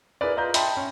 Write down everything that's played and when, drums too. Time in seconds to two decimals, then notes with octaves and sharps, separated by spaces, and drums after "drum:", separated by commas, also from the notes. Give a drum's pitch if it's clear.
0.21 E4 G#4 A#4 B4 D5
0.36 F4 B4 D#5 A#5 G6
0.54 D#5 E5 G5 A5 B5 C6, drum: hi-hat
0.77 C#4